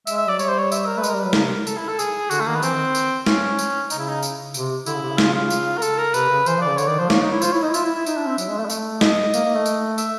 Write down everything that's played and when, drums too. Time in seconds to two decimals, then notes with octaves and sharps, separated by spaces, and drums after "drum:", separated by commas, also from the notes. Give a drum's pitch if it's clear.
0.07 G#3 E5, drum: tambourine
0.17 E5
0.28 F#3 D5
0.39 G3 C#5, drum: tambourine
0.49 C5
0.59 C#5
0.72 E5, drum: tambourine
0.86 A#4
0.97 A3 B4
1.03 G#3, drum: tambourine
1.10 G3 A#4
1.21 F#3 B4
1.33 C#3 A#4, drum: snare
1.46 C3
1.67 A4, drum: tambourine
1.77 E4
1.89 A4
1.99 G#4, drum: tambourine
2.31 D3 F#4, drum: tambourine
2.40 A3
2.47 D#3 A#3
2.56 B3
2.62 E3 C4, drum: tambourine
2.74 D#3
2.95 drum: tambourine
3.26 C#4, drum: snare
3.59 drum: tambourine
3.90 C#3 D#4, drum: tambourine
3.99 E4
4.08 D#4
4.22 drum: tambourine
4.54 C3, drum: tambourine
4.86 D3 E4, drum: tambourine
4.95 C#3
5.02 C3
5.11 C#3
5.18 F4, drum: snare
5.34 F4
5.50 drum: tambourine
5.77 A#4
5.82 A4, drum: tambourine
5.98 A#4
6.14 C3 B4, drum: tambourine
6.30 C#3
6.46 E3 C5, drum: tambourine
6.57 F3
6.62 D5
6.67 C#3
6.78 D3 C#5, drum: tambourine
6.88 D#3 D5
6.99 F3 C5
7.10 A#3 C#5, drum: snare
7.21 D#4
7.31 E4
7.42 F4 C5, drum: tambourine
7.52 E4 C#5
7.63 D#4 D#5
7.69 E4
7.74 F4 E5, drum: tambourine
7.84 E4
7.95 E4
8.06 D#4, drum: tambourine
8.17 D4
8.27 C4
8.38 F#3, drum: tambourine
8.48 G#3
8.59 A3
8.65 G#3
8.70 A3, drum: tambourine
9.01 D#5, drum: snare
9.34 A#3, drum: tambourine
9.44 A#3
9.55 A3
9.66 drum: tambourine
9.98 E5, drum: tambourine